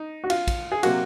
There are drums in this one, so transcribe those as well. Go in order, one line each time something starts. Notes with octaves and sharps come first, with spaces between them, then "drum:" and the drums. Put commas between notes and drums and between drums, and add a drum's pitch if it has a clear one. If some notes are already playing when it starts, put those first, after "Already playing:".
Already playing: D#4
F#4
F4, drum: cymbal
drum: kick, cymbal
G#4
C3 F#3 A#3 F#4, drum: cymbal